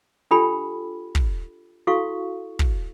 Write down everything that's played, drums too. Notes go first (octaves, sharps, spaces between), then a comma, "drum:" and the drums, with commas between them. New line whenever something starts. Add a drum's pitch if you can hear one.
D4 F4 G4 A4 G5 B5
drum: kick
E4 F#4 A4 F5 C#6
drum: kick